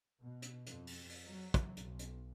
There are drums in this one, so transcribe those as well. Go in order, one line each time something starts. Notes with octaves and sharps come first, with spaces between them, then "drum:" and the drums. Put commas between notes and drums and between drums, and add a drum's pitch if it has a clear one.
B2
drum: hi-hat
F2, drum: hi-hat
drum: open hi-hat
drum: open hi-hat
F#3
drum: kick, hi-hat
B1, drum: hi-hat
drum: hi-hat